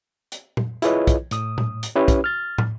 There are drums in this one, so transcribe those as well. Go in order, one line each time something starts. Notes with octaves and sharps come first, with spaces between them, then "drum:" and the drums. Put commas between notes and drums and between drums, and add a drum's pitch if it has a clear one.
drum: hi-hat
drum: tom A#2
E4 F4 G#4 B4 C#5 D#5, drum: hi-hat
drum: kick, hi-hat
A2 D#6, drum: hi-hat
drum: tom A#2
drum: hi-hat
C#4 E4 G4 B4 C#5
drum: kick, hi-hat
F6 A6
drum: tom